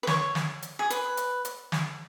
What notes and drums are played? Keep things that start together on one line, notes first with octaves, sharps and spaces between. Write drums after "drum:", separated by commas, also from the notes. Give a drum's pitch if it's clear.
B4
C#5, drum: snare
drum: snare
drum: hi-hat
G#4
B4, drum: hi-hat
drum: hi-hat
drum: hi-hat
drum: snare